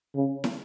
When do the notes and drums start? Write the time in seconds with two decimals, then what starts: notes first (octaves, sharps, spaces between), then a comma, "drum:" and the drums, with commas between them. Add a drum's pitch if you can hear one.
0.15 C#3
0.44 drum: snare